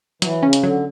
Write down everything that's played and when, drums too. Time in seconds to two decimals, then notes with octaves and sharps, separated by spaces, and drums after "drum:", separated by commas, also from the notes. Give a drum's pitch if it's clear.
0.22 E3 F#3, drum: hi-hat
0.42 C#3 C#4
0.53 drum: hi-hat
0.63 D3 F#3